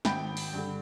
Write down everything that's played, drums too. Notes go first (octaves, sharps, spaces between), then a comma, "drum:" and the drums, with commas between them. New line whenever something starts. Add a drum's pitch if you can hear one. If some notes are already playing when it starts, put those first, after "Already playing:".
G#1 G5 B5, drum: snare
drum: open hi-hat
G2 D3